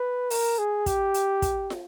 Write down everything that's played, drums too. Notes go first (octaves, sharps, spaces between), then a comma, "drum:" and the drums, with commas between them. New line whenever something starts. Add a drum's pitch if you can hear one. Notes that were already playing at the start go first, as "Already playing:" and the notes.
Already playing: B4
A#4, drum: open hi-hat
G#4
G4, drum: kick, hi-hat
drum: hi-hat
drum: kick, hi-hat
drum: snare